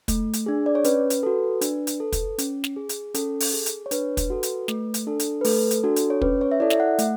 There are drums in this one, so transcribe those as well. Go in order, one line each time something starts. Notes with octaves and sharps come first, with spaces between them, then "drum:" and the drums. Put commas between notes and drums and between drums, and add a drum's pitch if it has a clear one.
A3, drum: kick, hi-hat
drum: hi-hat
D4 G#4
D5
C#5
C#4 B4, drum: hi-hat
drum: hi-hat
F#4 A4
D4, drum: hi-hat
drum: hi-hat
A4
drum: kick, hi-hat
C#4, drum: hi-hat
drum: snare
G#4
drum: hi-hat
C#4 A4, drum: hi-hat
drum: open hi-hat
G#4
drum: hi-hat
C#5
D4 B4, drum: hi-hat
drum: kick, hi-hat
F#4 A4
drum: hi-hat
A3, drum: snare
drum: hi-hat
D4 A4
drum: hi-hat
B4
A3 A4, drum: open hi-hat
drum: hi-hat
D4 F#4 A4
drum: hi-hat
C#5
C#4 B4, drum: kick
C#5
E5
E4 A4 D5
E5, drum: snare
F#5
A3, drum: hi-hat